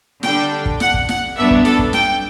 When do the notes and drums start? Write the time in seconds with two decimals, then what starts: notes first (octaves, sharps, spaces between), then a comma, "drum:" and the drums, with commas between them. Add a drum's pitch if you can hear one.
0.23 D3 G3 D4 G5, drum: snare
0.66 drum: kick
0.80 F#5, drum: snare
0.94 drum: kick
1.09 F#5, drum: snare
1.36 G2 F#3 B3 D4 E5
1.51 drum: kick
1.65 A4, drum: snare
1.79 drum: kick
1.93 G5, drum: snare